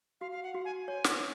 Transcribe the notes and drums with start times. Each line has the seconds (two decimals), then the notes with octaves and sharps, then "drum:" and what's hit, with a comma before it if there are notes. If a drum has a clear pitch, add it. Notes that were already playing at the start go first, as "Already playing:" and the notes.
0.21 F#4 F5
0.32 F5
0.43 F#5
0.54 F#4
0.65 G#5
0.88 C#5 G#5
1.04 drum: snare